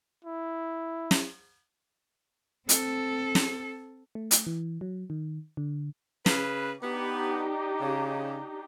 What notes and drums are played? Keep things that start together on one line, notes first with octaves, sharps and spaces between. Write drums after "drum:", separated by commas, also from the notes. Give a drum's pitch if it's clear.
E4
drum: snare
C4 A4, drum: hi-hat
drum: snare
A3
drum: hi-hat
E3
F#3
D#3
D3
C#3 B4, drum: snare
B3 D4 D#4 G4
C#3